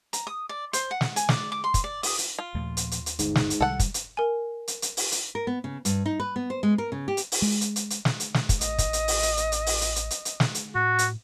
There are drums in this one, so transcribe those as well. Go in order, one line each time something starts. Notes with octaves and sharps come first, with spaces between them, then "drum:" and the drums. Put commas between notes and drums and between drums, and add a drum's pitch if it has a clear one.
A#5, drum: hi-hat
D#6
D5
C5, drum: hi-hat
F#5
drum: snare
G#5, drum: hi-hat
D5, drum: snare
D6
C6
drum: kick, hi-hat
D5
D#6, drum: open hi-hat
drum: hi-hat
F4
D#2 A#2 F3 A3
drum: hi-hat
drum: hi-hat
drum: hi-hat
G1 G#2, drum: hi-hat
drum: snare
drum: hi-hat
C2 C3 D#3 G3 A4 F#5
drum: kick, hi-hat
drum: hi-hat
A#4 G#5
drum: hi-hat
drum: hi-hat
drum: open hi-hat
drum: hi-hat
A#4
B3
C#3
G2, drum: hi-hat
D#4
B4
B3
C5
G#3
A#4
C#3
G4
drum: hi-hat
drum: open hi-hat
G#3
drum: hi-hat
drum: hi-hat
drum: hi-hat
drum: snare
drum: hi-hat
drum: snare
drum: kick, hi-hat
A1 D#5, drum: hi-hat
drum: kick, hi-hat
drum: hi-hat
drum: open hi-hat
drum: hi-hat
drum: hi-hat
drum: hi-hat
drum: open hi-hat
drum: hi-hat
drum: hi-hat
drum: hi-hat
drum: hi-hat
drum: snare
drum: hi-hat
A2 F#4
drum: hi-hat